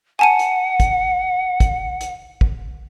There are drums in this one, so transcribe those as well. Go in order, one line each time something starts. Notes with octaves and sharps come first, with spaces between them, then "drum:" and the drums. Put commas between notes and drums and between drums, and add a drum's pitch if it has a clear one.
F#5 G#5 A5 D#7
drum: hi-hat
drum: kick, hi-hat
drum: kick, hi-hat
drum: hi-hat
drum: kick